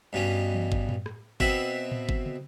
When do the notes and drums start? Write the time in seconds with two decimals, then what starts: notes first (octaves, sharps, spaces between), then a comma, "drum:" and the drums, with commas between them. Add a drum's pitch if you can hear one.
0.13 G2 B2 C#4
0.55 drum: tom E3
0.72 drum: kick G1
0.89 drum: tom A2
1.06 drum: rim click
1.40 B2 C4 F#4 E5 B5, drum: kick G1
1.92 drum: tom A2
2.09 drum: kick G1
2.26 drum: tom